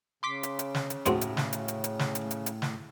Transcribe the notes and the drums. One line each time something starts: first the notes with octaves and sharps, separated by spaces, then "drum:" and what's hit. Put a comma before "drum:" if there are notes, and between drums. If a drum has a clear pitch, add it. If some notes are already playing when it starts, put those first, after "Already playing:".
C#3 C6 D6 B6
drum: hi-hat
drum: hi-hat
drum: snare
drum: hi-hat
D#2 A2 C4 F#4 G#4 C5, drum: hi-hat
drum: hi-hat
drum: snare
drum: hi-hat
drum: hi-hat
drum: hi-hat
drum: snare
drum: hi-hat
drum: hi-hat
drum: hi-hat
drum: snare